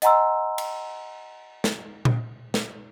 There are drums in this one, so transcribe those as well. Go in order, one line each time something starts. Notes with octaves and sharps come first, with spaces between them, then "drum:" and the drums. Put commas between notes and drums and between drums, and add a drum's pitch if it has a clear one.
D#5 F#5 G#5 A#5 C6 E6, drum: hi-hat
drum: cymbal
drum: snare
drum: tom A#2
drum: snare